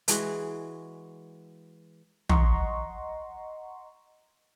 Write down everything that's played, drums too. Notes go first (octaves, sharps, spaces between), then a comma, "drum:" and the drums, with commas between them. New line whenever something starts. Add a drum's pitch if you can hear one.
E3 G#3 F#4, drum: hi-hat
D#5 F#5 A#5 C6 C#6, drum: tom